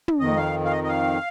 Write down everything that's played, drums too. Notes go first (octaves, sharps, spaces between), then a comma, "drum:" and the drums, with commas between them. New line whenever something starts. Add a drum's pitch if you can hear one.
drum: tom
F2 D#3 D#5
F5
F5
D#5
D#5
F5